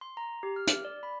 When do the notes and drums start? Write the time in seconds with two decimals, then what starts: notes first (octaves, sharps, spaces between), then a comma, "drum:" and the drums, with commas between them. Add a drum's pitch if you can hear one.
0.01 C6
0.17 A#5
0.43 G4
0.56 F6
0.67 drum: hi-hat
0.85 D5
1.03 B5